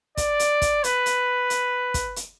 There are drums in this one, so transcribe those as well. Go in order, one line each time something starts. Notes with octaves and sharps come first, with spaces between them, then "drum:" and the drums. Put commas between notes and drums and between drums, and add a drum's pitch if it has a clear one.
D5, drum: kick, hi-hat
drum: hi-hat
drum: kick, hi-hat
B4, drum: hi-hat
drum: hi-hat
drum: hi-hat
drum: kick, hi-hat
drum: hi-hat